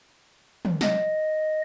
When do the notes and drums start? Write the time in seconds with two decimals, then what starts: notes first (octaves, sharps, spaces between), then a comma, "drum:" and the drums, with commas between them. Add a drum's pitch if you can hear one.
0.65 drum: tom
0.81 D#5, drum: snare